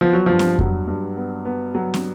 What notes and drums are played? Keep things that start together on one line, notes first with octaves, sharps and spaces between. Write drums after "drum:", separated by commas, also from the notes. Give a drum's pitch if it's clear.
F3 B3
F#3
G2 F3
drum: snare
F#3, drum: kick F2
G2
B3
B3
F#3
drum: snare